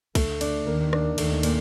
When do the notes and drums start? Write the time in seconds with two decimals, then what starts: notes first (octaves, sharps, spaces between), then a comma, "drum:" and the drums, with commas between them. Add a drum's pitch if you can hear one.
0.15 D2 D3 A3, drum: kick, cymbal
0.41 D4, drum: cymbal
0.66 D#2 D#3 A#3
0.93 D4, drum: rim click
1.18 D#2 D#3 A3, drum: cymbal
1.43 A#2, drum: cymbal